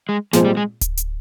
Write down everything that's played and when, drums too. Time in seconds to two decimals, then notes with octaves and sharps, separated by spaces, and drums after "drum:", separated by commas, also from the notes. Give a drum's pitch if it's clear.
0.09 G#3
0.33 A#2 F3 G#3 C4, drum: snare
0.45 G3
0.57 G#3
0.81 drum: kick D1, hi-hat
0.97 drum: hi-hat